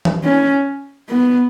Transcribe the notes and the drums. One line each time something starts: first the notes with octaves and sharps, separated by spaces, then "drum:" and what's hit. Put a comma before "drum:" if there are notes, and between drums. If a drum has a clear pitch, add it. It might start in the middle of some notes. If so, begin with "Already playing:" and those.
drum: tom E3
C#4
B3